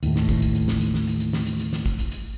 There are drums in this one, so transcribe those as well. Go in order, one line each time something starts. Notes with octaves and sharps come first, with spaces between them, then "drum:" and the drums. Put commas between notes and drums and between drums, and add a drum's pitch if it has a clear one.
D#2 A2, drum: hi-hat
drum: snare
drum: kick, hi-hat
drum: hi-hat
drum: hi-hat
drum: snare
drum: hi-hat
drum: snare
drum: hi-hat
drum: hi-hat
drum: snare
drum: hi-hat
drum: hi-hat
drum: snare
drum: kick, hi-hat
drum: hi-hat
drum: hi-hat